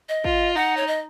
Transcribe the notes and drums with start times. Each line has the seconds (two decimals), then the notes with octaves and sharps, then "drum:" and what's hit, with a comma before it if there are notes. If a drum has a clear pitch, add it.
0.09 D#5
0.24 F4, drum: kick
0.56 D#4 F#5
0.77 C#5
0.87 D#5